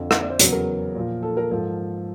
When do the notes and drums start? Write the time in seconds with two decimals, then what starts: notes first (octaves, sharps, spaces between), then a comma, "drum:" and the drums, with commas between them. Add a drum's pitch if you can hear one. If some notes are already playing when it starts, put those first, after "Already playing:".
Already playing: F2 D3 F3
0.11 E5, drum: rim click
0.20 D5
0.30 C5
0.39 E2 C#3 F#3 B4, drum: hi-hat
0.52 A#4
0.94 A#2 F3
1.23 A4
1.37 A#4
1.51 G#2 F3 A4